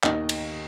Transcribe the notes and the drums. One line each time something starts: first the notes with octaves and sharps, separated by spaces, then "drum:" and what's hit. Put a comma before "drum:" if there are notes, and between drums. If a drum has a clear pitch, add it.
D#2 D#3 D#5, drum: clap
drum: cymbal